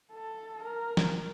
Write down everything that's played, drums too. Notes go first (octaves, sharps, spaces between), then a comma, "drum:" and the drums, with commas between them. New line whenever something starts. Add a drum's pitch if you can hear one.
A4
A#4
drum: snare